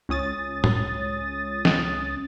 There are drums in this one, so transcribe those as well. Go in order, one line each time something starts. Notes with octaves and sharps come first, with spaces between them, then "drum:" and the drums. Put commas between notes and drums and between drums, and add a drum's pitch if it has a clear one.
C#2 C#4 D#6 A6
drum: tom
drum: snare